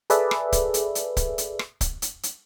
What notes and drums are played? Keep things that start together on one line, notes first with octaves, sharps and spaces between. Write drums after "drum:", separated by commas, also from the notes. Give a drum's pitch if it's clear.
G#4 A4 B4 D5 E5, drum: hi-hat
drum: rim click
drum: kick C#1, hi-hat
drum: hi-hat
drum: hi-hat
drum: kick C#1, hi-hat
drum: hi-hat
drum: rim click
drum: kick C#1, hi-hat
drum: hi-hat
drum: hi-hat